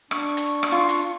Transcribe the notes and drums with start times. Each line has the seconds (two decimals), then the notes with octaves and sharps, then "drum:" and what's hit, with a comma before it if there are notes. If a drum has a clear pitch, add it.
0.11 D4 C#6, drum: rim click
0.37 drum: hi-hat
0.63 drum: rim click
0.72 F4
0.89 drum: hi-hat